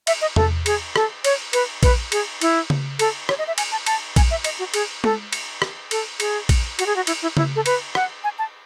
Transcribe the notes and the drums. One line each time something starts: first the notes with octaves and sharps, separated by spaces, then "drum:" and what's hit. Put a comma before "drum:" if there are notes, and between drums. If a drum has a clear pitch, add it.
E5, drum: cymbal
D#5
A4, drum: tom E2
G#4, drum: cymbal
A4, drum: rim click
C#5, drum: cymbal
B4, drum: cymbal
B4, drum: kick A#1, cymbal
G#4, drum: cymbal
E4, drum: cymbal
drum: tom C#3
A4, drum: cymbal
C#5, drum: rim click
D#5
E5
G#5, drum: cymbal
A5
A5, drum: cymbal
G#5, drum: kick A#1, cymbal
E5
D#5, drum: cymbal
F#4
G#4, drum: cymbal
A4, drum: tom
drum: cymbal
drum: rim click
A4, drum: cymbal
G#4, drum: cymbal
drum: kick A#1, cymbal
F#4, drum: cymbal
G#4
F#4
E4, drum: cymbal
E4
E4, drum: tom C#3
A4
B4, drum: cymbal
F#5, drum: rim click
G#5
A5